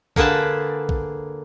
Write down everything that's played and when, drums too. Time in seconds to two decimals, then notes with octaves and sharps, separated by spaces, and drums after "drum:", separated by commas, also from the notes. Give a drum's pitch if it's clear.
0.16 D3 A#3 G#4 B4 A5, drum: kick A#1
0.89 drum: kick A#1